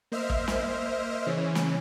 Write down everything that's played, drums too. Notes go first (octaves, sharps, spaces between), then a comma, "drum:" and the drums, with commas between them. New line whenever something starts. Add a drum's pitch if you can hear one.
A#3 C5 D#5 E5 F6
drum: kick
drum: snare
C#3 E3 C#4
drum: snare